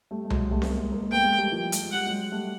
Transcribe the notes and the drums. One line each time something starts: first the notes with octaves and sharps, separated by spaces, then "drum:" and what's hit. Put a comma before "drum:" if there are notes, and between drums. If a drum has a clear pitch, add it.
G3 A3
A3
F#3 G#3, drum: tom C2
G3 A3
B3, drum: snare C4
G#3 A#3
G#3 A#3
A#3
A3 B3 G5
G#3 A#3
G3 A3
F3 G3
A3, drum: hi-hat
G#3
G3 F#5
F#3 G#3
G3 A3